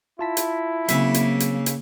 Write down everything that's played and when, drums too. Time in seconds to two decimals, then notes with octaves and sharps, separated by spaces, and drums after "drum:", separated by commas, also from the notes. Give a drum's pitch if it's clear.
0.19 E4 F4 A5 B6
0.37 drum: hi-hat
0.88 C#3 F#3 A#3 C4 E5, drum: hi-hat
1.14 drum: hi-hat
1.40 drum: hi-hat
1.66 drum: hi-hat